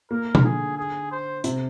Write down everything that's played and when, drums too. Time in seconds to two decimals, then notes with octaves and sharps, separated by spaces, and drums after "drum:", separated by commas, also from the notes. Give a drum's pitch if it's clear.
0.11 A#3 A#4
0.35 drum: tom B2
0.44 D3 G#4
0.77 G#4
1.11 C5
1.44 C3, drum: hi-hat